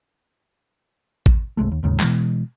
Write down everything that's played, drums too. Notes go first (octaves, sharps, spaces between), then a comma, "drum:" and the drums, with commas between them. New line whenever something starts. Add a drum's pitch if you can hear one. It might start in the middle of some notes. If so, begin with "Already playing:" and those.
drum: kick
G1 C2 G#3 A3
D#2
E1 D#2 G#2 C#3
B2 E3 G#3, drum: clap